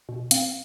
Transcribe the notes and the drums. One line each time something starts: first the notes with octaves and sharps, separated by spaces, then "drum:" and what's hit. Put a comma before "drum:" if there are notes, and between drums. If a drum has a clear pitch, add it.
B2
C4 F5, drum: hi-hat